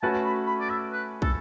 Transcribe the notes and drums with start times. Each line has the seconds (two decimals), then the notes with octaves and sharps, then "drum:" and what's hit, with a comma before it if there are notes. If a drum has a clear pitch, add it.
0.02 A3 C#4 F#4 B4 A5
0.25 B5
0.47 B5
0.60 D5
0.69 E5
0.93 B4
1.22 A4, drum: kick